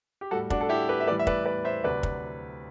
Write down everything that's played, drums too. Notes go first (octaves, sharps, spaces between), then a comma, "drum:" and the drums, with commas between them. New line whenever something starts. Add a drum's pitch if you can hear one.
G4
A2 G3 F#4 A4
D4 F#4, drum: kick
A4
E4 G4
G4 B4
E5
A2 E3 G3 B4 D5
E5
B4 D5, drum: kick
B4 D5
C5 E5
D2 C3 F#3 B4 D5
drum: kick